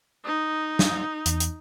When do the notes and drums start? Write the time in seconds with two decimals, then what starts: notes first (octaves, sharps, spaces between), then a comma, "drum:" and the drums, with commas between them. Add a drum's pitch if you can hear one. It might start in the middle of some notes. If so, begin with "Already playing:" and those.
0.25 D#4 D#6
0.79 drum: snare
1.26 E2, drum: hi-hat
1.40 drum: hi-hat